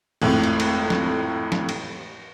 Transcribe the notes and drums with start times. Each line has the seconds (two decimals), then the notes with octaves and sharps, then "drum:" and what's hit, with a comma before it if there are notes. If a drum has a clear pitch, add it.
0.22 G#1 F2 A2, drum: cymbal
0.43 drum: hi-hat
0.60 drum: cymbal
0.90 drum: snare
1.52 drum: snare
1.69 drum: cymbal